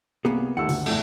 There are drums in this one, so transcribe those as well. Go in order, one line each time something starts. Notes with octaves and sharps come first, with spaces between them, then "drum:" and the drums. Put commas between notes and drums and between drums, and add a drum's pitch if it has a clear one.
C2 A#3 B3 G#4
D#2 A3 F#5 E6
D2, drum: open hi-hat
E2 A2 A3, drum: cymbal